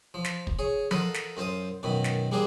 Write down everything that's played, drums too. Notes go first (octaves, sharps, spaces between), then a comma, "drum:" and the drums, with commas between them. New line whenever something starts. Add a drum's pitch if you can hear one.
F3
drum: snare
drum: kick
G#4 C#5
F4 A4 A#4 C5 D#5 F#5, drum: tom F3
drum: snare
F#2 F4 C5 F5 D#6
F#2 B2 D#3 B3
drum: snare
G3 A#3 D4 G#4 C5